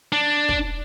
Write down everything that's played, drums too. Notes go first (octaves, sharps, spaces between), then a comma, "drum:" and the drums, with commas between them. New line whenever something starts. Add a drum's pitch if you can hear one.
D4
drum: kick